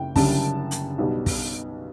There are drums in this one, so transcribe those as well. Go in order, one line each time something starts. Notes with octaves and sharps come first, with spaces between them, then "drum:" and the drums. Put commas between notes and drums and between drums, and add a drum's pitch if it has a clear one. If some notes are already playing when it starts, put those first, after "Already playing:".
Already playing: F#1 G5
F#1 F#2 D3 G3 A5, drum: kick, open hi-hat
drum: hi-hat
B1 B2 G3
drum: kick, open hi-hat